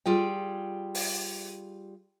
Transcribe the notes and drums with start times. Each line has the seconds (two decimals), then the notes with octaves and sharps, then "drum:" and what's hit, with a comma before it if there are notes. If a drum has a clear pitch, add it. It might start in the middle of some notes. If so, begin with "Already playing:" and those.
0.06 G3 F4 G#4 G5
0.95 drum: open hi-hat